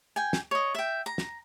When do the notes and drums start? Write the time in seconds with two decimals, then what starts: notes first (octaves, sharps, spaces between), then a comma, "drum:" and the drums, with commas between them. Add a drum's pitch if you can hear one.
0.16 G5 G#5
0.33 drum: snare
0.51 C#5 D#5
0.75 E5 G5
1.06 A#5
1.18 drum: snare